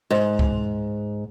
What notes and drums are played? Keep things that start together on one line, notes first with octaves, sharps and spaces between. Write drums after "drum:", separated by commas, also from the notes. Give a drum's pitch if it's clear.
G#2
drum: kick C#2